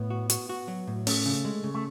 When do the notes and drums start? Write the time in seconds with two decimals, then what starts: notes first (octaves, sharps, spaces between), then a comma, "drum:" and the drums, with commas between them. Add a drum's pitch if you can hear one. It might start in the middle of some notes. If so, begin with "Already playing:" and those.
Already playing: A2 B3
0.10 F#4
0.30 F#4, drum: hi-hat
0.49 F#4
0.68 F#3
0.87 A2
1.07 A3 C#4, drum: open hi-hat
1.26 C#3
1.45 G#3
1.64 C#3
1.75 A3